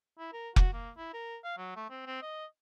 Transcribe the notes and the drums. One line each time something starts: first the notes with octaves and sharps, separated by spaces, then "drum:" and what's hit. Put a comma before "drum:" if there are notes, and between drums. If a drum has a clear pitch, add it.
E4
A#4
F#4, drum: kick F1
A#3
E4
A#4
F5
F#3
A3
C4
C4
D#5